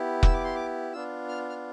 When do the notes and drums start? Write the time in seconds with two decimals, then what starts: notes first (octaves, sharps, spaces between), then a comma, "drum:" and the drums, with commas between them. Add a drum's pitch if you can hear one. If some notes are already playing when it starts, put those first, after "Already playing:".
Already playing: B3 E4 G4
0.23 E6, drum: kick
0.33 D6
0.44 C6
0.55 D6
0.93 B3 D4 F4 E6
1.28 F6
1.49 F6